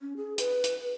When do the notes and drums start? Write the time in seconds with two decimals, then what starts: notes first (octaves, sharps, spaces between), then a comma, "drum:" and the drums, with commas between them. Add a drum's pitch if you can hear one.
0.01 C#4
0.17 G#4
0.38 B4, drum: hi-hat
0.64 drum: hi-hat